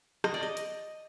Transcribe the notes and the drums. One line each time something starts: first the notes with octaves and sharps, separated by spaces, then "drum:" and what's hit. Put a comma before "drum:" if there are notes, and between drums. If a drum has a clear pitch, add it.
D#5, drum: rim click
D5
D#5
drum: hi-hat